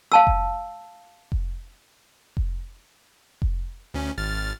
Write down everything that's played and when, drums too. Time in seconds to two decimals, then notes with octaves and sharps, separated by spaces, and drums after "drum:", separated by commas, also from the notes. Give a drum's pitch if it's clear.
0.12 F5 A5 E6
0.27 drum: kick F1
1.32 drum: kick F1
2.37 drum: kick F1
3.42 drum: kick F1
3.94 D2 C#4
4.18 G#1 F6 A6